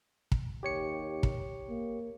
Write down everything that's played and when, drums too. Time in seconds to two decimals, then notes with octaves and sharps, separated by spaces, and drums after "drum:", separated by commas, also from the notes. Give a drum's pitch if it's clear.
0.32 drum: kick
0.63 D#2 G4 C#5 C#7
1.23 drum: kick
1.69 A#3